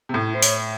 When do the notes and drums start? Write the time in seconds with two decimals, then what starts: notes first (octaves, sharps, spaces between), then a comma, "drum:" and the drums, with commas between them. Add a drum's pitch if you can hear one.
0.09 C3
0.14 A2 E4
0.35 C5
0.42 C#5, drum: open hi-hat